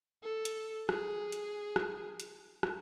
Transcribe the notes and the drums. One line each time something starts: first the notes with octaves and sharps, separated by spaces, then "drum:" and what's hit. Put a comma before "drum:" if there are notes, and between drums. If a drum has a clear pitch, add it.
A4
drum: hi-hat
G#4, drum: rim click
drum: hi-hat
drum: rim click
drum: hi-hat
drum: rim click